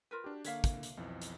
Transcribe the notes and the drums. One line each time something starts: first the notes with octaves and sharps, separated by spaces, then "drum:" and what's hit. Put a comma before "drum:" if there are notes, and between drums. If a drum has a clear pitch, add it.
F4 A#4 B4
D4 F#4 G4
D3 A#3 C#5 E5 F5, drum: hi-hat
drum: kick, hi-hat
drum: hi-hat
B1 F2 E3
drum: hi-hat